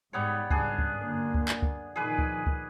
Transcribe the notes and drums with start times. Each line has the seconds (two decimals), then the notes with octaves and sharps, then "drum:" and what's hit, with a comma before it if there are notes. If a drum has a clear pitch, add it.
0.13 G#2 G3 B3 C#5
0.51 G#1 G2 C#3 D4 G#4, drum: kick C#2
0.79 drum: kick C#2
1.01 F#2 D3 A#3
1.34 drum: kick C#2
1.48 drum: clap
1.62 drum: kick C#2
1.96 A#2 D#3 F3 G#4 B4 D6
2.18 drum: kick C#2
2.46 drum: kick C#2